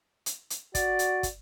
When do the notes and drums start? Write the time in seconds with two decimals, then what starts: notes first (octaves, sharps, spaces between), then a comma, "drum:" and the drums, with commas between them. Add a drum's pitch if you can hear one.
0.26 drum: hi-hat
0.50 drum: hi-hat
0.75 F#4 D5, drum: kick, hi-hat
0.99 drum: hi-hat
1.23 drum: kick, hi-hat